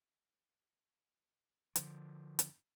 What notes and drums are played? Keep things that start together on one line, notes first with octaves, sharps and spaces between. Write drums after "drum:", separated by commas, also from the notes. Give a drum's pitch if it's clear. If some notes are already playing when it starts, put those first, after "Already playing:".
D3 F3, drum: hi-hat
drum: hi-hat